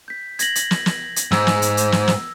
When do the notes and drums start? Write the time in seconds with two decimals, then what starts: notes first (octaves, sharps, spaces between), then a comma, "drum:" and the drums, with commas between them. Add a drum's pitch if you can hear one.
0.08 G6 B6
0.39 G#6 A#6 F#7, drum: hi-hat
0.55 drum: hi-hat
0.71 drum: snare
0.86 drum: snare
1.16 drum: hi-hat
1.32 G#2 E6, drum: snare
1.47 drum: snare
1.62 drum: hi-hat
1.77 drum: hi-hat
1.92 drum: snare
2.08 drum: snare